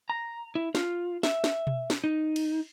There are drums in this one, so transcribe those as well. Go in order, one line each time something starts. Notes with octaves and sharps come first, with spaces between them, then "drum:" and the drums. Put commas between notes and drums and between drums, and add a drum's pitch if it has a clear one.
A#5
E4
F4, drum: snare
E5, drum: snare
drum: snare
drum: tom B2
drum: snare
D#4
drum: cymbal